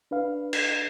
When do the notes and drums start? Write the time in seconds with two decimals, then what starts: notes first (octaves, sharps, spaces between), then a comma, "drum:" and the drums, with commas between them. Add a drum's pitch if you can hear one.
0.11 D4 B4 F5
0.53 drum: cymbal